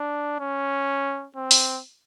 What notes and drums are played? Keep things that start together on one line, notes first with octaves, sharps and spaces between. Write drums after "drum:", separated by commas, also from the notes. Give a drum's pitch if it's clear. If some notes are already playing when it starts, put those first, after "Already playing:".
Already playing: D4
C#4
C4
drum: open hi-hat